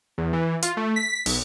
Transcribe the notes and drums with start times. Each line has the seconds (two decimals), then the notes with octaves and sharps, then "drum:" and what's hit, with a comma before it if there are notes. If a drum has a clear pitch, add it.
0.18 E2
0.33 E3
0.62 F4, drum: hi-hat
0.77 A3
0.96 B6
1.26 B1, drum: open hi-hat